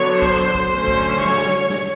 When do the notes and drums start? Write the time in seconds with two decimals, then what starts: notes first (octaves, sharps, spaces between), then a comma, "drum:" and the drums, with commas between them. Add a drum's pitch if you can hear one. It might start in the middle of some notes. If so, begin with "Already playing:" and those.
Already playing: D3 F#3 B3 D4 C#5
0.22 C5, drum: kick
0.55 drum: kick
0.72 D3 F#3 A3 C#4 C5
0.88 drum: kick
1.21 C#5, drum: snare
1.37 drum: snare
1.70 drum: snare